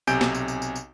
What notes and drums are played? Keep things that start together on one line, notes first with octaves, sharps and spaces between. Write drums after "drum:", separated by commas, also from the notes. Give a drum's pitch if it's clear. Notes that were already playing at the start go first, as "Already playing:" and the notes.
B1 C3 G#5 G6 D7, drum: tambourine
drum: snare
drum: tambourine
drum: tambourine
drum: tambourine
drum: tambourine